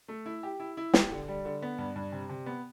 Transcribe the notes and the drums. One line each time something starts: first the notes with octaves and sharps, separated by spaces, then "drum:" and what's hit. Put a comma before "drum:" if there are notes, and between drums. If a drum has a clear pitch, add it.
A3
E4
G4
E4
E4
G4, drum: snare
D3
G3
D3
B3
G2
G2
C3
C3
B3